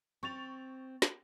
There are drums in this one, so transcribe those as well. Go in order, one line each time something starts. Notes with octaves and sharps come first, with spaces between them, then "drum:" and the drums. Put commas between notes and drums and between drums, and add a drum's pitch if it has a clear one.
C4 C#6 A6 F7
drum: snare